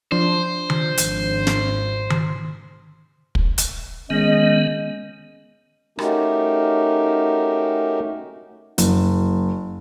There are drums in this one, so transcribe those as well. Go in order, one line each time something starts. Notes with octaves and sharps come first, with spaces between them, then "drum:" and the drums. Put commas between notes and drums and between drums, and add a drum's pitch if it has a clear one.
F3 D4 C5
drum: tom D#3
G#1, drum: hi-hat
drum: snare
drum: tom D#3
drum: kick
drum: hi-hat
D#3 G#3 B3 C#4 D#5
A3 C#4 D#4 F#4 G4 A#4, drum: rim click
F#1, drum: hi-hat